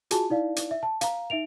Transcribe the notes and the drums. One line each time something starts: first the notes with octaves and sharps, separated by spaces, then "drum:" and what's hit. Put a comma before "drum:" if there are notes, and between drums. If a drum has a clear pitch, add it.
F4 F#4 G#4 G#5 A5, drum: hi-hat
D#4 E4 D5 F5
drum: hi-hat
E5
A5
F5 A#5, drum: hi-hat
D#4 E5 D7 F7